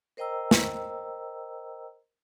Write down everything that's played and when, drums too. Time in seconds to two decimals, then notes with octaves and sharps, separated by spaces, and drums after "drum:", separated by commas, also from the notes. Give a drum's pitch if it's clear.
0.17 A#4 C5 D#5 G5 A#5 E6
0.51 drum: snare